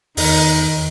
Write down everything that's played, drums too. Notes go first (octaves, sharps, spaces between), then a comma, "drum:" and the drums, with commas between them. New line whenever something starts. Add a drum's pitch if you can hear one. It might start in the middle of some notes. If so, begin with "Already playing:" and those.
E2 D#3 D#4, drum: open hi-hat